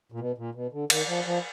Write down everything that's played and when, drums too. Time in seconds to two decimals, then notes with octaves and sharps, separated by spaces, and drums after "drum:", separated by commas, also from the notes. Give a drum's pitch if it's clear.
0.12 A#2
0.20 B2
0.38 A#2
0.55 B2
0.72 D3
0.90 D#3, drum: cymbal
1.08 F3
1.26 F3